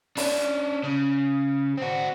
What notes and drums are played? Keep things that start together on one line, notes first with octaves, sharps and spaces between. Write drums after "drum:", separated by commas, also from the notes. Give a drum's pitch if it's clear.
C#4 D4, drum: open hi-hat
C#3
C4 F#4